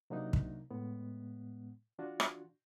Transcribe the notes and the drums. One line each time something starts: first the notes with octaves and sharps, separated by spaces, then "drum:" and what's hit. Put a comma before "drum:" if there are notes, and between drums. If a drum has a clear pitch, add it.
C3 F#3 A#3 D4 D#4
drum: kick
A2 G#3 B3
E3 D4 F4 F#4
drum: rim click